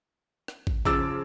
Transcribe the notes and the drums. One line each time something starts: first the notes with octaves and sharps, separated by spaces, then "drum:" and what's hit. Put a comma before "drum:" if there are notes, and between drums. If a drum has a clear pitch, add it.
drum: rim click
drum: kick
C#3 F3 D6 E6 A6, drum: kick